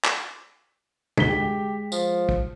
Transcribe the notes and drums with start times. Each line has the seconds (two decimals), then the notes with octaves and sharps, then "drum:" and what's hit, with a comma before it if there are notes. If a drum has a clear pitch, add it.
0.04 drum: clap
1.17 D2 B6 G7, drum: tom
1.29 G#3 G4
1.92 F3, drum: tambourine
2.29 drum: kick